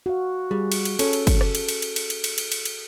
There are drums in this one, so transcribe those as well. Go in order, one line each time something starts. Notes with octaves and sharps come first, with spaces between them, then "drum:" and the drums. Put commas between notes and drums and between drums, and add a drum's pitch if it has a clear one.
F#4 F5
G3 G#4
drum: cymbal
drum: cymbal
C#4 A4, drum: cymbal
drum: cymbal
drum: kick, cymbal
drum: rim click
drum: cymbal
drum: cymbal
drum: cymbal
drum: cymbal
drum: cymbal
drum: cymbal
drum: cymbal
drum: cymbal
drum: cymbal